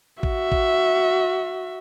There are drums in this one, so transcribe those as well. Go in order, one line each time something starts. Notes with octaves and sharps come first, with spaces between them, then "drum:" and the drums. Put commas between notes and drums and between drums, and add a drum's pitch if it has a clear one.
F#4 E5, drum: kick A1
drum: kick A1